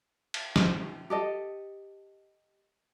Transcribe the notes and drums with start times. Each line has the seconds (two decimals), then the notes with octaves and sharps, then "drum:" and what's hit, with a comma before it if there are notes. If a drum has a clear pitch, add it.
0.34 drum: cymbal
0.56 drum: snare
1.10 G4 A4 D#5